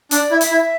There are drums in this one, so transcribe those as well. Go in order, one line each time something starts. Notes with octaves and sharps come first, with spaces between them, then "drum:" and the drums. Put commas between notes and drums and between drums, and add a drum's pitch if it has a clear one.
D4 D5, drum: hi-hat
E4
E5, drum: hi-hat
E4